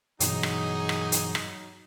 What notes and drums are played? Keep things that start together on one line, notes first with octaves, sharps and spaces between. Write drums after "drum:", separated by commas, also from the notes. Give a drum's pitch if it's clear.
G2 B2 E3 F#3 D#4 G#4, drum: hi-hat
drum: rim click
drum: rim click
drum: hi-hat
drum: rim click